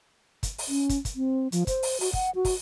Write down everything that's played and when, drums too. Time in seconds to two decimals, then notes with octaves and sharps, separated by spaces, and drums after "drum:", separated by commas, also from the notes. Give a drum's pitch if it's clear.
0.43 drum: kick, hi-hat
0.58 drum: open hi-hat
0.68 C#4
0.89 drum: kick, hi-hat
1.05 drum: kick, hi-hat
1.16 C4
1.52 F3, drum: hi-hat
1.67 C5, drum: kick, hi-hat
1.83 drum: open hi-hat
2.00 F#4, drum: open hi-hat
2.13 F#5, drum: kick
2.35 F#4
2.45 drum: kick, open hi-hat